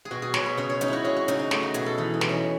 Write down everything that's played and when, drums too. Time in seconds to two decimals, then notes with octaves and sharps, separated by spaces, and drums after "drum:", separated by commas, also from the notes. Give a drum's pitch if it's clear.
0.05 G#4
0.11 B2 F#4
0.22 G#4
0.34 B2 C#5, drum: snare
0.46 B4
0.57 C#3 C#5
0.69 C#5
0.81 C#4 D#4, drum: hi-hat
0.88 E4 F#4
1.04 C#4 G#4
1.16 F#4
1.28 C#3 D#4, drum: hi-hat
1.39 D#4
1.51 A3 D#4, drum: snare
1.63 F#4
1.74 B2 G#4, drum: hi-hat
1.86 A4
1.98 E3 D#4
2.14 D#4
2.21 E3, drum: snare
2.29 C#4